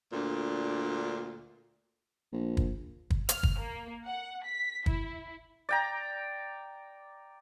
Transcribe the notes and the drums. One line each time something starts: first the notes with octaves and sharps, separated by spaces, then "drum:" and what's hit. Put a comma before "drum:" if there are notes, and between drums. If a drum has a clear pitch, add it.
D2 A#2 D4
A#1
drum: kick
drum: kick
F6, drum: hi-hat
drum: kick
A#3
F#5
B6
E4, drum: kick
D5 G5 A#5